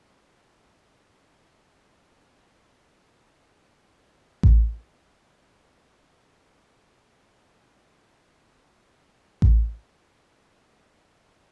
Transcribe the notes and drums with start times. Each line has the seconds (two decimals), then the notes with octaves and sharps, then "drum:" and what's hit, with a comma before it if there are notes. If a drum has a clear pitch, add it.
0.07 D4
1.94 E4
2.25 F4
2.56 A4
2.72 A4
2.79 A#4
2.87 C5
3.11 D5
3.58 D5
3.81 F5
4.43 drum: kick A1
5.68 E5
6.15 D5
6.38 E5
6.62 F5
6.85 E5
7.08 E5
7.32 E5
7.48 F5
7.55 E5
7.86 F5
8.18 E5
8.49 D5
9.42 drum: kick A1
10.35 C5
10.59 A#4
10.82 A#4
11.06 E5
11.29 C5